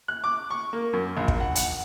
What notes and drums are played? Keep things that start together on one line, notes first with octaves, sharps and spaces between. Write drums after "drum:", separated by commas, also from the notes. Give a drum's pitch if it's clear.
F#6
D6
C#6
A#3
F#2
A#1
drum: kick
F#5
F#5, drum: hi-hat